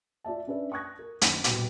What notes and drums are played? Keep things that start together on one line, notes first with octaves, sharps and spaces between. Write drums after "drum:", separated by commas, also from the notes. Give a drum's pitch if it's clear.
F4 D5 E5 A5
C#4 D4 B4 D5 E5
C#6 D#6 F#6 G#6 A#6
A#4
F#2 D#3, drum: hi-hat
D#1 B2 F#4 G5 D6, drum: hi-hat